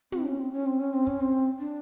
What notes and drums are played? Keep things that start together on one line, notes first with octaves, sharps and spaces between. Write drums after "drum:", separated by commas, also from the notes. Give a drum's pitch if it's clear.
C4, drum: tom
C#4
C4
C#4
C4
C#4
C4
C#4, drum: kick
C4
D4